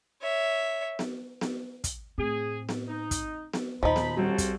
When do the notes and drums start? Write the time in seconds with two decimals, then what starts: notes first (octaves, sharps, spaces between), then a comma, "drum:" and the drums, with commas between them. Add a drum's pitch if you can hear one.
0.21 C#5 E5
0.99 drum: snare B3
1.41 drum: snare B3
1.84 drum: kick, hi-hat
2.18 A2 C4 G#4
2.69 drum: snare B3
2.88 D#4
3.11 drum: kick, hi-hat
3.53 drum: snare B3
3.83 D#2 A#2 F3 D#4 B5
3.96 drum: snare B3
4.17 C#3 G3 C4 F#4 A4
4.38 drum: kick, hi-hat